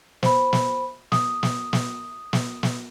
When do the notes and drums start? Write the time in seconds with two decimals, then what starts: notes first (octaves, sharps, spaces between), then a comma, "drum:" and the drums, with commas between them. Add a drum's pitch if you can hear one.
0.23 C5 B5, drum: snare
0.53 drum: snare
1.12 D#6, drum: snare
1.43 drum: snare
1.73 drum: snare
2.33 drum: snare
2.63 drum: snare